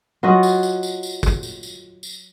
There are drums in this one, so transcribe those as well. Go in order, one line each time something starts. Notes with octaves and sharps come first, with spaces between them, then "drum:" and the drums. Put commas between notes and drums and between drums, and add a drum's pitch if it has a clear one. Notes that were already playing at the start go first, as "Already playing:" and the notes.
F#3 F4 F#4 D#5
drum: tambourine
drum: tambourine
drum: tambourine
drum: tambourine
drum: kick, tambourine
drum: tambourine
drum: tambourine
drum: tambourine